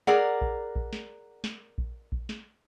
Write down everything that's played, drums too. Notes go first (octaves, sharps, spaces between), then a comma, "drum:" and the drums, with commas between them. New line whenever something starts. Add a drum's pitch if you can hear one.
G#4 A#4 D5 F#5, drum: snare
drum: kick A#1
drum: kick A#1
drum: snare
drum: snare
drum: kick A#1
drum: kick A#1
drum: snare